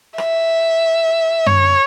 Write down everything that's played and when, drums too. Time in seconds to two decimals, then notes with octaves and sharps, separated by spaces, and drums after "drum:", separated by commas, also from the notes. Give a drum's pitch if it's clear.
0.18 E5, drum: rim click
1.46 C#5, drum: tom F#2